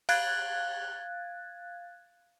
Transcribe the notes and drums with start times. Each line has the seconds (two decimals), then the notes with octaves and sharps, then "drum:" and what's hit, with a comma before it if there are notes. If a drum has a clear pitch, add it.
0.09 F5 F#6 G#6 A6, drum: cymbal